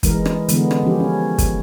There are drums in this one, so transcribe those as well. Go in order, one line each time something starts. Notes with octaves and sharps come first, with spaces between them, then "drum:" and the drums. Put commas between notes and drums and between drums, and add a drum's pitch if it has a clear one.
E3 G#3 A#4, drum: kick, hi-hat
drum: rim click
D3 E3 G#3 B3, drum: hi-hat
drum: rim click
F3 C#4 G4
C#4
drum: kick, hi-hat